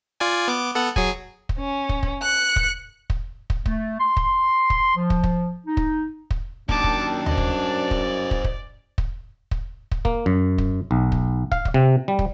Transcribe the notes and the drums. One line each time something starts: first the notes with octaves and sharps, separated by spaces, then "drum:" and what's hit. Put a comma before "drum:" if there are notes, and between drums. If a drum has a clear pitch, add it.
F4 D5 G#5
B3 D6
B3 A4 F#5
F#3 G#4 G#5, drum: kick
drum: kick
C#4
drum: kick
drum: kick
F#6 C#7
drum: kick
drum: kick
drum: kick
A3, drum: kick
C6
drum: kick
drum: kick
F3
drum: kick
drum: kick
D#4
drum: kick
drum: kick
F#2 A#3 D4 D#4 A5 D6, drum: kick
drum: kick
C5 D5 D#5, drum: tom D#2
drum: kick
drum: kick
drum: kick
drum: kick
drum: kick
drum: kick
drum: kick
A#3, drum: kick
F#2
drum: kick
B1
drum: kick
F5, drum: kick
drum: kick
C3
G3
drum: kick